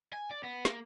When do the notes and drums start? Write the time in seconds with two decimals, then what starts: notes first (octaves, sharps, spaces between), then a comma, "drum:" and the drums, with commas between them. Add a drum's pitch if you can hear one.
0.13 G#5
0.31 D5
0.44 B3
0.65 A#3, drum: snare